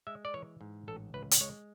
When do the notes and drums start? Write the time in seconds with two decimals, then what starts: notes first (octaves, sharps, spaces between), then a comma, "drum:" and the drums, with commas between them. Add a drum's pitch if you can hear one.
0.07 G#3 E5
0.25 D5
0.34 E3 C#5
0.61 G#2
0.88 A1 A4
1.14 C#2 B4
1.31 drum: hi-hat
1.41 G#3 C#5